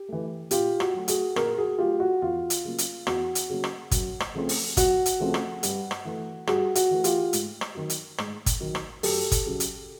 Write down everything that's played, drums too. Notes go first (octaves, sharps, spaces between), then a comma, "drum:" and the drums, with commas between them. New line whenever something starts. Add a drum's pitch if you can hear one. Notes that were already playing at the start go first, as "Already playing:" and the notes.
Already playing: G4
E3 A3
A#2 F4 G4, drum: hi-hat
F#4, drum: rim click
F#3 A3
F#4 G#4, drum: hi-hat
A#2 G#4 A#4, drum: rim click
F#4 G#4
F#3 A3 F4 G4
F#4
E2 F4
drum: hi-hat
C#3 F#3 A#3
drum: hi-hat
E2 F#4, drum: rim click
drum: hi-hat
C#3 F#3 A#3
drum: rim click
F#2, drum: kick, hi-hat
drum: rim click
C#3 F3 A3 C4
drum: open hi-hat
F#2 F#4, drum: kick, hi-hat
drum: hi-hat
C#3 F3 A3 C4
drum: rim click
G2, drum: hi-hat
drum: rim click
E3 A3
G2 F#4 G#4, drum: rim click
F#4, drum: hi-hat
E3 A3
F4 G4, drum: hi-hat
G#2, drum: hi-hat
drum: rim click
D#3 F#3
drum: hi-hat
G#2, drum: rim click
drum: kick, hi-hat
D#3 F#3
drum: rim click
F#2 G4 A4, drum: open hi-hat
drum: kick, hi-hat
C#3 F#3
drum: hi-hat